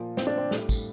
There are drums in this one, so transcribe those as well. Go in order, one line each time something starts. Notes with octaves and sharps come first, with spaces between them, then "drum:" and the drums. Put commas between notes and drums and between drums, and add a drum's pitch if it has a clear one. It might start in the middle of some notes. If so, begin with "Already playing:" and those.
Already playing: A#2 F3
C4, drum: snare
D4
C4
A2 G3, drum: snare
drum: kick, tambourine